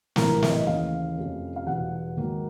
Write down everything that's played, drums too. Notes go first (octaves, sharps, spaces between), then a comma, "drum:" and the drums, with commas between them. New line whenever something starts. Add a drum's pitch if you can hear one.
A#1 A2 E3 A#4, drum: snare
E5, drum: snare
D#5
D#2 C#3 E3 F5
F2 C3 F3 A3 C#4
F5
E2 B2 G3 B3 F#5
G#2 D#3 F#3 A#3